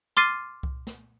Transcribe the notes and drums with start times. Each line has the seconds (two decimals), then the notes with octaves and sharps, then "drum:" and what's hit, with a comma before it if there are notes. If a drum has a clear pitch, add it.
0.17 C6 D6 F6 A6 C7 D#7, drum: snare
0.63 drum: kick C2
0.87 drum: snare